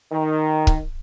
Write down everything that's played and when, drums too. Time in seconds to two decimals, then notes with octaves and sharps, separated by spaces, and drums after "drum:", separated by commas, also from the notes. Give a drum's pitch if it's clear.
0.12 D#3
0.67 drum: kick C#1